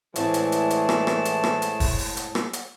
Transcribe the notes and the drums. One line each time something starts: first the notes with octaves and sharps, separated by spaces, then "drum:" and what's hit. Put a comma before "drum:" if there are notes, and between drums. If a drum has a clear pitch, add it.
A2 E3 G#3 A3 C4 D5 A5, drum: hi-hat
drum: hi-hat
drum: hi-hat
drum: hi-hat
drum: rim click
drum: rim click
drum: hi-hat
drum: rim click
drum: hi-hat
drum: kick, open hi-hat
drum: open hi-hat
drum: hi-hat
drum: rim click
drum: hi-hat